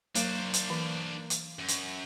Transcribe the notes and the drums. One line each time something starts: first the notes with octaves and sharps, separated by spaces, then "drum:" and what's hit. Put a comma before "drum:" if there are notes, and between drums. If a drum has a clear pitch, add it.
F#3 A#3 D4 C5, drum: hi-hat
drum: hi-hat
E3
drum: hi-hat
F#2
drum: hi-hat